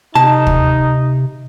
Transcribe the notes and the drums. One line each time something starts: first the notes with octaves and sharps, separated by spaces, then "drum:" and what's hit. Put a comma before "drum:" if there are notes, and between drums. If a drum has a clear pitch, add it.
C3 D#4 A5
drum: kick